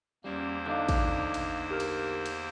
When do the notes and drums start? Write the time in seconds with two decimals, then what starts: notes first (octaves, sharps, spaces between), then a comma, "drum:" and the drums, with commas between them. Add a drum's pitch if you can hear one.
0.24 E2 G3 A#3 C#4 C5
0.66 D3 D4 D#4 F5
0.88 drum: kick, cymbal
1.34 drum: cymbal
1.71 G4 A#4 F6
1.80 drum: cymbal
2.26 drum: cymbal